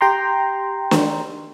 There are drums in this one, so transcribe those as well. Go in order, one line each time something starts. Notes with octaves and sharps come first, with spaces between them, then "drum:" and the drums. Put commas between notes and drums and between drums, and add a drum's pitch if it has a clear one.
G4 G5 A#5 C6
drum: snare